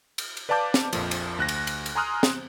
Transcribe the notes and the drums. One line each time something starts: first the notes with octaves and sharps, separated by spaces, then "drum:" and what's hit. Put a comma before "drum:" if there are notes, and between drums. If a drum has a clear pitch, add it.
drum: cymbal
drum: cymbal
B4 D5 F5 A5 D6 G6
drum: snare
A#1 F2 A#2 F3, drum: cymbal
drum: cymbal
D2 F#6 A#6
drum: cymbal
drum: cymbal
drum: cymbal
G#5 A#5 C6 D#6 F6 F#6
drum: snare